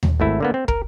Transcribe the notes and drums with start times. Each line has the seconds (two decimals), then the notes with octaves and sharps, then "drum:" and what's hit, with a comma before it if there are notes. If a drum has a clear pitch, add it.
0.03 drum: tom D#2
0.20 G#1 A3 E4
0.40 D3 A#3 B3
0.54 C4
0.68 A#4, drum: kick